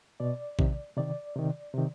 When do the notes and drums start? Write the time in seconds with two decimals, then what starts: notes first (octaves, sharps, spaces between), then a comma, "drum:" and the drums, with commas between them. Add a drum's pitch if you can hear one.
0.20 B2 D5
0.59 C3 D#3, drum: kick A#1
0.97 C3 D#3 D5
1.36 C3 D#3
1.74 C3 D#3